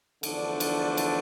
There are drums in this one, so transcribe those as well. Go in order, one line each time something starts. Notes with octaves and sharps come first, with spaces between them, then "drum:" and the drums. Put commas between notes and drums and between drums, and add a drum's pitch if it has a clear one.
E2 D3 F3 A3 D4, drum: cymbal
drum: cymbal
drum: cymbal